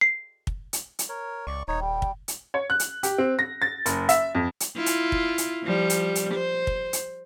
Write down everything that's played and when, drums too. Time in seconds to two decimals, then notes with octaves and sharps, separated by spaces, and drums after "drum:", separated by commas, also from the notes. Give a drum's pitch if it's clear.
0.01 C7
0.47 drum: kick
0.73 drum: hi-hat
0.99 drum: hi-hat
1.09 A#4 C#5
1.47 C#2 D5 C#6
1.68 D#1 D#4 C#5
1.81 G3 G5
2.02 drum: kick
2.28 drum: hi-hat
2.54 C#5
2.70 F#6
2.80 drum: hi-hat
3.03 G4, drum: hi-hat
3.18 C4
3.39 A#6
3.62 A6
3.86 F#1, drum: hi-hat
4.09 E5, drum: hi-hat
4.35 F2
4.60 drum: hi-hat
4.76 E4 F4
4.86 drum: hi-hat
5.12 drum: kick
5.38 drum: hi-hat
5.64 F3 G3
5.90 drum: hi-hat
6.15 drum: hi-hat
6.34 C5
6.67 drum: kick
6.93 drum: hi-hat